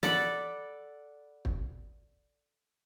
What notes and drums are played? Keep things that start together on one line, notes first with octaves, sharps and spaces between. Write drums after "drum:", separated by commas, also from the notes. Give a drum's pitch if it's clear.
A4 D5 F#5 B5, drum: snare
drum: kick